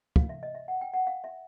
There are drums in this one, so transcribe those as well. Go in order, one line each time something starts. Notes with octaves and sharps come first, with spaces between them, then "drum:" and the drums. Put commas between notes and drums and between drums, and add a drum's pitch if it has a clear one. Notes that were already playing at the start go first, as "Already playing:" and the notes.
F5, drum: kick
E5
D#5
E5
F#5
G5
F#5
F5
E5